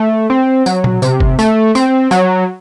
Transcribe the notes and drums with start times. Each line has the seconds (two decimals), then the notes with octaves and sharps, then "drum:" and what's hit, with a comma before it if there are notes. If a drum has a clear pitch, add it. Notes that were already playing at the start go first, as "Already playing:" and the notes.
Already playing: A3
0.30 C4
0.66 F#3, drum: tambourine
0.84 drum: tom
1.02 C3, drum: tambourine
1.20 drum: kick G1
1.39 A3, drum: tambourine
1.75 C4, drum: tambourine
2.11 F#3, drum: tambourine